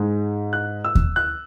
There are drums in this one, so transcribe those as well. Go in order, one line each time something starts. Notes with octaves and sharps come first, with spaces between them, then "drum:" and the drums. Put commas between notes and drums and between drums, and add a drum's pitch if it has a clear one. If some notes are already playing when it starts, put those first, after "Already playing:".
Already playing: G#2 G#3
F#6
E6
drum: kick D#2
F#6